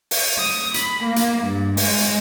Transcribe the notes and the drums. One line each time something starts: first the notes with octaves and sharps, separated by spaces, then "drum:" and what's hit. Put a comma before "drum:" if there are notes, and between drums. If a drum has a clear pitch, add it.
drum: open hi-hat
D#6
B5, drum: hi-hat
A#3
drum: hi-hat
G2
G#3, drum: open hi-hat
drum: hi-hat